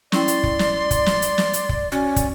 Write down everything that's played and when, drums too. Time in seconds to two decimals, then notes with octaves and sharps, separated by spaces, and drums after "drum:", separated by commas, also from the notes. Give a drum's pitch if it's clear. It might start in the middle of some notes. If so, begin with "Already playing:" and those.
0.12 C#4 E4 D5 G5 C6, drum: snare
0.28 drum: hi-hat
0.44 drum: kick
0.59 drum: snare
0.91 drum: kick, hi-hat
1.06 drum: snare
1.22 drum: hi-hat
1.38 drum: snare
1.53 drum: hi-hat
1.69 drum: kick
1.92 C#4 F#4
2.16 drum: kick, hi-hat